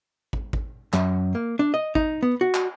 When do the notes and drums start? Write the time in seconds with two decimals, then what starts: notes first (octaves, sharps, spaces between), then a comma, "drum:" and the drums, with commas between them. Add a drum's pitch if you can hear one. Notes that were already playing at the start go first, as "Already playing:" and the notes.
0.33 drum: kick
0.53 drum: kick
0.93 F#2, drum: clap
1.35 A#3
1.59 D4
1.74 D#5
1.95 D#4, drum: kick
2.23 B3
2.41 F#4
2.55 drum: clap